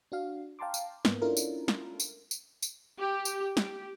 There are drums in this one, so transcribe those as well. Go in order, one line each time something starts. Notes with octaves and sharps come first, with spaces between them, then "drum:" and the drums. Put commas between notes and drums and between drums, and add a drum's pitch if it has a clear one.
D4 F#4 F5
F5 G5 A5 A#5 C6 D6
drum: tambourine
G#2 A#3 B3, drum: snare
C#4 D4 E4 F4 A4 A#4
drum: tambourine
drum: snare
drum: tambourine
drum: tambourine
drum: tambourine
G4
drum: tambourine
G4, drum: snare